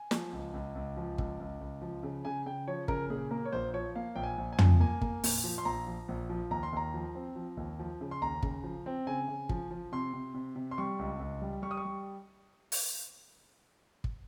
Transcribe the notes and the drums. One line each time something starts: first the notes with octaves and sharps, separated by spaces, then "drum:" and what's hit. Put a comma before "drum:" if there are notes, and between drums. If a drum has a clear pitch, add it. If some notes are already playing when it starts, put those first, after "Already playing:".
Already playing: G#5
F3, drum: snare
C#2
C#2
C#2
F3
C#2, drum: kick
C#2
C#2
F3
C#3
C#3 G#5
C#3 G5
F3 C#5
C#3 A#4, drum: kick
A#2 G#4
A#3 A#4
C#5
A#1 C5
F3 C#5
A#3 F5
A#1 G5
G#5
A#1
G#5
F3, drum: tom
A#3 G#5
A#3, drum: kick
A#2, drum: open hi-hat
F3
C6
A#1 A#5
F3
A#1
F3
D#2 A#5
C6
D#2 A#5
F3
C4
F3
D#2
F3
C#3
C6
D#2 A#5
C#3, drum: kick
F3
C4
C#3 G#5
C#3
F3, drum: kick
F3
C3 C6
C3
C3
C3
C6
G3 C#6
C#2
C#2
G3
G3 C#6
D#6
C#6
G3
drum: open hi-hat
drum: kick